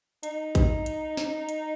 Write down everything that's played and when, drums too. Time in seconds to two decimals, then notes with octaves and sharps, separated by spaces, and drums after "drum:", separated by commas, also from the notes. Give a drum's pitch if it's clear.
0.23 D#4, drum: hi-hat
0.55 drum: kick A#1, hi-hat
0.86 drum: hi-hat
1.17 drum: snare
1.49 drum: hi-hat